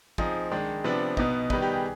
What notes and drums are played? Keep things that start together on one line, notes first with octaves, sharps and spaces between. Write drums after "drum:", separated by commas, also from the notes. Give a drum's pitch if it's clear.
F3 C4 D#4 G#4, drum: kick
D#3 G#3 D4
C3 F3 B3 D4 B4
B2 B3 D#4, drum: kick
D#3 G3 B3 D#4 B4, drum: kick
G4
G#4